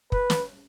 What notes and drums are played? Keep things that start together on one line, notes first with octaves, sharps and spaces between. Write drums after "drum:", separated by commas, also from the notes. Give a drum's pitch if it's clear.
B4, drum: kick
drum: snare